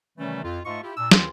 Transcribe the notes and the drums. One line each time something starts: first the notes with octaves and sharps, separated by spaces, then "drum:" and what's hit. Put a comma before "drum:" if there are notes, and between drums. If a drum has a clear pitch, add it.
C3 D#3 E3 G3 A3 C#4
F2 F4
G#2 A3 F4 D#5 C#6
E4 F4 G4
A#2 D4 E6
D#2 D#3 E3 F4 G#4 C6, drum: snare